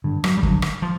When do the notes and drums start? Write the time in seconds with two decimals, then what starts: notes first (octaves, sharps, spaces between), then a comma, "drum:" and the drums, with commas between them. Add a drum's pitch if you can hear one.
0.04 G2 D3
0.24 F#3, drum: rim click
0.37 G3
0.43 D3 F#3, drum: kick
0.62 drum: rim click
0.82 F3